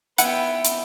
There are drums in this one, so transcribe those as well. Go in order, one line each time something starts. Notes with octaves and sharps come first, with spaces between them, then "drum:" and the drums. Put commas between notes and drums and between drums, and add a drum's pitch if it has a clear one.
B3 E4 F#5 G5, drum: hi-hat
drum: hi-hat